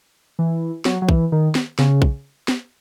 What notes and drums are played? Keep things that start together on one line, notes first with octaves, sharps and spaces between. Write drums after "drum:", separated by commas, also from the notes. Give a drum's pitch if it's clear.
E3
F#3, drum: snare
F#3
E3, drum: kick
D#3
drum: snare
C#3, drum: snare
drum: kick
drum: snare